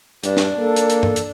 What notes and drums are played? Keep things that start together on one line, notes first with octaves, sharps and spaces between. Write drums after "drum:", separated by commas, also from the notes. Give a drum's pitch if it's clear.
G2 D4, drum: hi-hat
drum: snare
A#3 A4
drum: hi-hat
drum: hi-hat
drum: tom G2
drum: hi-hat